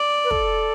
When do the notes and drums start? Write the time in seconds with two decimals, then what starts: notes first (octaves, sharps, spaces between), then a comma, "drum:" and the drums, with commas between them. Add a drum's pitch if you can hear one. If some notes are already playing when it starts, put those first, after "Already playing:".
Already playing: D5
0.24 B4
0.31 A4, drum: kick